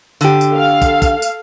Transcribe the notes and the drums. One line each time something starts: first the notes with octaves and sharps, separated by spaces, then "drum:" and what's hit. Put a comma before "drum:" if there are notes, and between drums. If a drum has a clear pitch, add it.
D3 G4, drum: tambourine
drum: tambourine
A4 F5
drum: kick, tambourine
drum: kick, tambourine
drum: tambourine